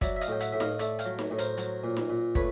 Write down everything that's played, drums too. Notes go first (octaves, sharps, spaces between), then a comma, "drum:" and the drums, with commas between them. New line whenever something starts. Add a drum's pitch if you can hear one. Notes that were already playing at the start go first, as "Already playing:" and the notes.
F#3 D5 E5, drum: kick, hi-hat
E5
D#5 F5, drum: hi-hat
A2 G5
E5 F#5, drum: hi-hat
A2 E5
D#5 F5, drum: snare D#4
A3 D5 E5, drum: hi-hat
F5 G5, drum: hi-hat
F#3
drum: snare D#4
A2
A#4 C5, drum: hi-hat
F#3, drum: hi-hat
A#2
drum: snare D#4
A#2
A3 B4 C#5, drum: kick